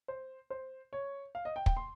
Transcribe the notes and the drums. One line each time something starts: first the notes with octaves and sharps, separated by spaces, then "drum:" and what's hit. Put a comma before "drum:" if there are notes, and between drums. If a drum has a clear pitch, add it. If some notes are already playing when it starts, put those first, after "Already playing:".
C5
C5
C#5
F5
D#5
G5
G5, drum: kick
C6